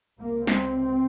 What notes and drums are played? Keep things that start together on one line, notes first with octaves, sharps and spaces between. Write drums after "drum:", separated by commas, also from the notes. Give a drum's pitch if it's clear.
C#2 C3 A#3
C4, drum: snare